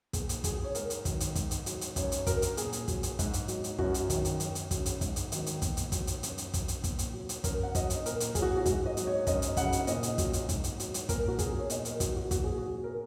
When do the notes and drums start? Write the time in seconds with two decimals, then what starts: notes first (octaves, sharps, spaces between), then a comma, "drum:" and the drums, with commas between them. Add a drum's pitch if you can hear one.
0.13 A#2 G#4, drum: kick, hi-hat
0.29 drum: hi-hat
0.44 F#3 G#4, drum: kick, hi-hat
0.64 C#5
0.75 G#2 A#4, drum: hi-hat
0.90 drum: hi-hat
1.05 D#3 F#3, drum: kick, hi-hat
1.20 drum: hi-hat
1.35 G#2, drum: kick, hi-hat
1.51 drum: hi-hat
1.66 F#3, drum: hi-hat
1.81 drum: hi-hat
1.96 F#2 C#5, drum: kick, hi-hat
2.12 drum: hi-hat
2.27 F#3 A#4, drum: kick, hi-hat
2.42 drum: hi-hat
2.57 A#2 G#4, drum: hi-hat
2.73 drum: hi-hat
2.88 F#3, drum: kick, hi-hat
3.03 drum: hi-hat
3.19 G#2, drum: kick, hi-hat
3.33 drum: hi-hat
3.48 F#3, drum: hi-hat
3.64 drum: hi-hat
3.78 F#2 F#4, drum: kick
3.94 drum: hi-hat
4.10 D#3 F#3, drum: kick, hi-hat
4.25 drum: hi-hat
4.40 F#2, drum: hi-hat
4.55 drum: hi-hat
4.71 C#3 F#3, drum: kick, hi-hat
4.86 drum: hi-hat
5.01 G#2, drum: kick, hi-hat
5.16 drum: hi-hat
5.32 D#3 F#3, drum: hi-hat
5.46 drum: hi-hat
5.62 A#2, drum: kick, hi-hat
5.77 drum: hi-hat
5.92 F#3, drum: kick, hi-hat
6.07 drum: hi-hat
6.23 F#2, drum: hi-hat
6.38 drum: hi-hat
6.54 F#3, drum: kick, hi-hat
6.68 drum: hi-hat
6.84 A#2, drum: kick, hi-hat
6.99 drum: hi-hat
7.13 F#3
7.29 drum: hi-hat
7.44 F#2 A#4, drum: kick, hi-hat
7.63 F#5
7.75 F#3 D#5, drum: kick, hi-hat
7.90 drum: hi-hat
8.06 A#2 A#4, drum: hi-hat
8.20 drum: hi-hat
8.35 F#3 G#4, drum: kick, hi-hat
8.42 F#4
8.57 F#4
8.66 G#2, drum: kick, hi-hat
8.86 D#5
8.97 F#3, drum: hi-hat
9.07 C#5
9.27 F#2 D#5, drum: kick, hi-hat
9.42 drum: hi-hat
9.57 C#3 F#5, drum: kick, hi-hat
9.62 F#3
9.72 drum: hi-hat
9.87 A#2 D#5, drum: hi-hat
10.03 drum: hi-hat
10.18 F#3, drum: kick, hi-hat
10.33 drum: hi-hat
10.49 G#2, drum: kick, hi-hat
10.64 drum: hi-hat
10.80 F#3, drum: hi-hat
10.94 drum: hi-hat
11.09 A#2 A#4, drum: kick, hi-hat
11.28 F#4
11.39 F#3 G#4, drum: kick, hi-hat
11.49 A#4
11.59 C#5
11.70 A#2 D#5, drum: hi-hat
11.85 A#4, drum: hi-hat
12.00 F#3 F#4, drum: kick, hi-hat
12.16 F#4
12.31 A#2 F#4, drum: kick, hi-hat
12.44 G#4
12.57 F#3 F#4
12.84 A#4